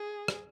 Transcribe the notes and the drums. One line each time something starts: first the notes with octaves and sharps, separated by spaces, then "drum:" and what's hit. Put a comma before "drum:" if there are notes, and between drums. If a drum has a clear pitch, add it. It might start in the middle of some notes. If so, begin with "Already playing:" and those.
Already playing: G#4
drum: rim click